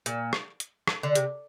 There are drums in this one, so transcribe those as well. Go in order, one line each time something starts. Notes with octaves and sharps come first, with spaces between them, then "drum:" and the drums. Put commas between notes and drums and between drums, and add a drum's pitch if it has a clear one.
A#2, drum: hi-hat
drum: rim click
drum: hi-hat
drum: rim click
D3
C3, drum: hi-hat